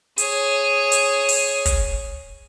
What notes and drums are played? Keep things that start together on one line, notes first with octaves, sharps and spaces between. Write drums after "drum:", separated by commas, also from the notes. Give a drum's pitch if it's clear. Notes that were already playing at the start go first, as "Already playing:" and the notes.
G#4 C#5, drum: hi-hat
drum: hi-hat
drum: open hi-hat
drum: kick, hi-hat